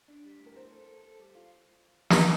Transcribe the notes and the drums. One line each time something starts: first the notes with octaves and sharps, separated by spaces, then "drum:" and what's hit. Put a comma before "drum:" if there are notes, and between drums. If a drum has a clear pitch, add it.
D4
G3
A2
A#4
C4 C5
A4
A4
A4
G3
F4
drum: snare